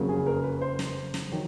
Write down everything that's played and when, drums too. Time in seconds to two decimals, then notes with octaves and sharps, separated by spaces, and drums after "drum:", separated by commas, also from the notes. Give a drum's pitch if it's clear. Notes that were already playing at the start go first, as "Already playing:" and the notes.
Already playing: F#1 F2 C#3 F#3 A#3
0.09 G#4
0.27 A#4
0.44 B4
0.61 C5
0.79 drum: snare
1.14 drum: snare
1.32 D#3 F#3